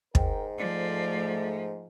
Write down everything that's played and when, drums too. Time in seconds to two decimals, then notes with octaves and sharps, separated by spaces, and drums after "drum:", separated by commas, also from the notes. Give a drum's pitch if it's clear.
0.15 G#2 A#4 G5, drum: kick
0.58 F3 A3 D5